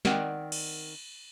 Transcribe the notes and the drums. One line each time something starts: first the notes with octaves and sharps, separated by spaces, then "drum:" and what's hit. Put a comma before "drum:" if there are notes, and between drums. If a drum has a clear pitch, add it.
D#3 C4 A#4 D5 F#5 G5, drum: snare
drum: cymbal